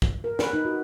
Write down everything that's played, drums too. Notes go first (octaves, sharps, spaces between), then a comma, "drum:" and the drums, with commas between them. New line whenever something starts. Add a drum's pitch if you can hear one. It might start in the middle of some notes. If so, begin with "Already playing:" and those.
drum: kick
A#4
B4, drum: snare
D#4
F#4